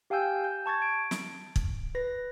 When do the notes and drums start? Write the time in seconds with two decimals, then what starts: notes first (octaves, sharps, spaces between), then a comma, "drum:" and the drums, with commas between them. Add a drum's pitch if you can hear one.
0.10 G4 F5 G5 G#5 E6 G6
0.44 G6
0.66 A5 C#6 G#6 A6
0.82 D7
1.11 drum: snare
1.56 drum: kick
1.95 B4 A#6